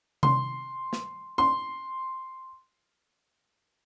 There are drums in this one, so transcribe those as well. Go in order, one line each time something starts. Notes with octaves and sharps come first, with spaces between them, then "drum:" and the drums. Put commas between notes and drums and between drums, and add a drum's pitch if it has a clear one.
C6, drum: tom C3
drum: snare
C6